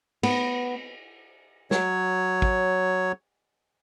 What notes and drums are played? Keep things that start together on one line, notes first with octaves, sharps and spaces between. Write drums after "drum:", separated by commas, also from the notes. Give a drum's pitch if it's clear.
B3, drum: cymbal
F#3 C#5, drum: snare
drum: kick